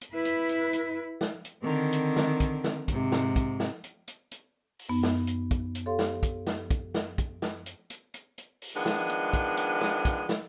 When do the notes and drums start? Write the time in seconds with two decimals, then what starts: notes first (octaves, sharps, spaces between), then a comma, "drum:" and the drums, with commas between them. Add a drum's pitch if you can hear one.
0.01 drum: hi-hat
0.13 E4 B4
0.25 drum: hi-hat
0.49 drum: hi-hat
0.73 drum: hi-hat
1.21 drum: snare
1.45 drum: hi-hat
1.63 D3 D#3 C4
1.93 drum: hi-hat
2.16 drum: snare
2.40 drum: kick, hi-hat
2.64 drum: snare
2.88 G#2 C3, drum: kick, hi-hat
3.12 drum: snare
3.36 drum: kick, hi-hat
3.60 drum: snare
3.84 drum: hi-hat
4.08 drum: hi-hat
4.32 drum: hi-hat
4.79 drum: open hi-hat
4.89 F#2 B3 D#4
5.03 drum: snare
5.27 drum: hi-hat
5.51 drum: kick, hi-hat
5.75 drum: hi-hat
5.86 G4 A4 C#5 F5 C6
5.99 drum: snare
6.23 drum: kick, hi-hat
6.47 drum: snare
6.71 drum: kick, hi-hat
6.94 drum: snare
7.18 drum: kick, hi-hat
7.42 drum: snare
7.66 drum: hi-hat
7.90 drum: hi-hat
8.14 drum: hi-hat
8.38 drum: hi-hat
8.62 drum: open hi-hat
8.76 D#3 F3 G#3 B3 D4
8.86 drum: snare
9.10 drum: hi-hat
9.33 drum: kick, hi-hat
9.57 drum: hi-hat
9.81 drum: snare
10.05 drum: kick, hi-hat
10.29 drum: snare